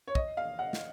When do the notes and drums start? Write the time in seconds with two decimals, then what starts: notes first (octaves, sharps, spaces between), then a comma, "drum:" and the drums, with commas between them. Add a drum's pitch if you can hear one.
0.07 C#5
0.15 D#5, drum: kick
0.37 F5
0.59 F#5
0.73 drum: snare